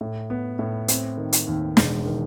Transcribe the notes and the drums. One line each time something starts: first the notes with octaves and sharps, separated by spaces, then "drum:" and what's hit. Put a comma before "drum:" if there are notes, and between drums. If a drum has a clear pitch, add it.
A2
B3
A2
C4, drum: hi-hat
D#3
drum: hi-hat
D#2
E1, drum: snare
D#3